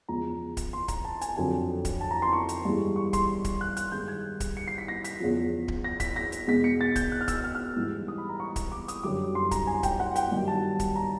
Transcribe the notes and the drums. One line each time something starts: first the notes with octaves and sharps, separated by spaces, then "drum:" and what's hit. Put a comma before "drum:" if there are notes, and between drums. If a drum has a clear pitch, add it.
E2 C#3 F3 G#3 A#5
drum: kick D1, hi-hat
C6
A#5, drum: kick D1, hi-hat
A5
G#5, drum: hi-hat
F2 D3 F#3 G#5
drum: kick D1, hi-hat
A5
A#5
C6
C#6
drum: hi-hat
G2 E3 G#3
C#6
C6, drum: kick D1, hi-hat
drum: kick D1, hi-hat
F#6
F#6, drum: hi-hat
G2 D#3 G#3 G6
G#6
drum: kick D1, hi-hat
C#7
C7
B6
A#6
B6, drum: hi-hat
E2 C#3 F3
drum: kick D1
A#6
B6, drum: kick D1, hi-hat
A#6
drum: hi-hat
E2 B2 G#3 B6
C#7
A6
G6, drum: kick D1, hi-hat
F#6
F6
E6, drum: kick D1, hi-hat
F6
F6
G#2 E3 G3
D#6
B5
A#5
C#6
drum: kick D1, hi-hat
D6
D#6, drum: hi-hat
F#2 D3 G3 D6
C6
A#5, drum: kick D1, hi-hat
G#5
G5, drum: kick D1, hi-hat
F#5
G5, drum: hi-hat
G2 D#3 F#3
A5
drum: kick D1, hi-hat
A#5